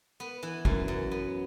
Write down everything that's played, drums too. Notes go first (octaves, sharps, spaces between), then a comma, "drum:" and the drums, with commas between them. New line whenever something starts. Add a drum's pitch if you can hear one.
B3
E3
F#2, drum: kick G#1
F#2
B3